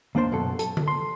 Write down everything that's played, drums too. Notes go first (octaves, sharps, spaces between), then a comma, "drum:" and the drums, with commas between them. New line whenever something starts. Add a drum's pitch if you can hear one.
D#2 A#3 D4 C5 C6
F#2 B2 A4
A4, drum: hi-hat
drum: tom D3
C6